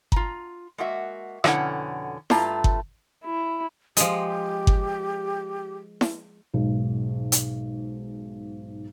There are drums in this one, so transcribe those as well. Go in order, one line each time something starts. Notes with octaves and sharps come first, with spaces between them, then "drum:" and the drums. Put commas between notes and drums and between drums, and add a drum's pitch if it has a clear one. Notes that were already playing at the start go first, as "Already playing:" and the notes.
F4 A#5, drum: kick G1
G#3 A#3 F#4 E5
F2 B2 D3 C#4 E4 F#5, drum: rim click
G2 A3 F4 A5 A#5, drum: snare E4
drum: kick G1
E4
F3 G#3 G4, drum: hi-hat
drum: kick G1
drum: snare E4
B1 G#2
drum: hi-hat